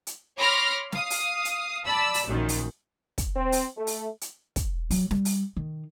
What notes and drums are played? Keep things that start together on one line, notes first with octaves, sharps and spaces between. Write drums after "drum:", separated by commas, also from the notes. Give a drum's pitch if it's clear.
drum: hi-hat
C#5 B5 C6 D6 F6 A#6
F5 D#6, drum: snare
drum: open hi-hat
drum: hi-hat
D5 A5 B5 E6
drum: open hi-hat
A#1 F#2 D#3
drum: open hi-hat
drum: kick, hi-hat
C4
drum: open hi-hat
A3
drum: open hi-hat
drum: hi-hat
drum: kick, hi-hat
F#3, drum: open hi-hat
G3, drum: snare
drum: open hi-hat
D#3